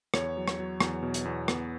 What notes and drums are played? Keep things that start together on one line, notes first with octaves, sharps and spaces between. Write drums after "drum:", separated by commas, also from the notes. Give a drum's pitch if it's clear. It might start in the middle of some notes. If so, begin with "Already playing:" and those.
E2 C#5, drum: rim click
F#3
drum: rim click
F#3
E2, drum: rim click
B2
drum: hi-hat
E2
B3, drum: rim click